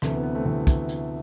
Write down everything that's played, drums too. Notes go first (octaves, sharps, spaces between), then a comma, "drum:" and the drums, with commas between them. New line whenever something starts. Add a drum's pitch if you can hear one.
D2 C3 E3 A3, drum: rim click
B3
B3
A3 C4
D2 C3 E3 B3
drum: kick, hi-hat
drum: hi-hat